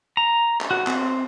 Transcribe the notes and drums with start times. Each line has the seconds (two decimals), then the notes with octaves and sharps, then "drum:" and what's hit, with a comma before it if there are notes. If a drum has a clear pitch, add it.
0.17 A#5
0.61 drum: clap
0.71 F#4
0.87 C4, drum: clap